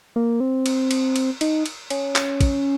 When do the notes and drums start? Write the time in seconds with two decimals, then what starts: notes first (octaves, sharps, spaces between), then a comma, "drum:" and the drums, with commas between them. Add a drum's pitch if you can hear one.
0.16 A#3
0.40 C4
0.66 drum: cymbal
0.91 drum: cymbal
1.16 drum: cymbal
1.41 D#4, drum: cymbal
1.66 drum: cymbal
1.90 C#4, drum: cymbal
2.16 drum: clap
2.41 drum: kick, cymbal